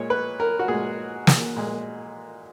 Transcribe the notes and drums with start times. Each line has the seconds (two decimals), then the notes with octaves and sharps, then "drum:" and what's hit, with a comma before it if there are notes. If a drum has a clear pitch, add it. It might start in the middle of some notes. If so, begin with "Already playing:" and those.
Already playing: A#2 G#3 C#5
0.10 B4
0.40 A#4
0.59 F#4
0.68 A#2 G#3 G#4
1.27 drum: snare
1.57 A#2 G#3